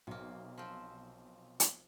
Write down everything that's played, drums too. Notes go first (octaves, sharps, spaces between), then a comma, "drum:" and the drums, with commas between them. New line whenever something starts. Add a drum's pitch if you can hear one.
B1 C3 A#3
F3 C4
drum: hi-hat